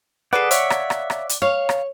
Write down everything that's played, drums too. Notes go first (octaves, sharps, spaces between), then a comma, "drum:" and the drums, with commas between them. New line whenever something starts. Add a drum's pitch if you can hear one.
G#4 A4 B4 D5 F#5
C#5 E5 F5, drum: hi-hat
drum: rim click
drum: rim click
drum: rim click
drum: hi-hat
C#5 F5
drum: rim click